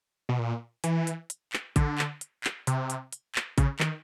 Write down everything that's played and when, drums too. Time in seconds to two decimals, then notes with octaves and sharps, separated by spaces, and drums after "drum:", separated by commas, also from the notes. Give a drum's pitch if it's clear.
0.29 B2
0.39 A#2
0.84 E3, drum: hi-hat
1.07 drum: hi-hat
1.30 drum: hi-hat
1.53 drum: clap
1.76 D3, drum: kick A1, hi-hat
1.98 drum: clap
2.21 drum: hi-hat
2.44 drum: clap
2.67 C3, drum: hi-hat
2.90 drum: hi-hat
3.13 drum: hi-hat
3.35 drum: clap
3.58 C#3, drum: kick A1, hi-hat
3.79 D#3, drum: clap